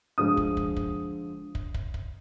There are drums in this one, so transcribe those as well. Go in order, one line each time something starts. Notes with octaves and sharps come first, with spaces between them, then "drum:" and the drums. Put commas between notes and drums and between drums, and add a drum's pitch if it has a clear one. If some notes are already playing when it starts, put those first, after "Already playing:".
D3 F3 G#3 D#6
drum: kick
drum: kick
drum: kick
drum: kick
drum: kick
drum: kick